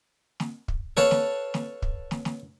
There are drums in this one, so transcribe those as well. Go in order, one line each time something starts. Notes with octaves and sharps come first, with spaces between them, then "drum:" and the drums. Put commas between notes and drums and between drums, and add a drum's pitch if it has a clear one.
drum: snare
drum: kick
A4 B4 C#5 F5 A5, drum: snare
drum: snare
drum: snare
drum: kick
drum: snare
drum: snare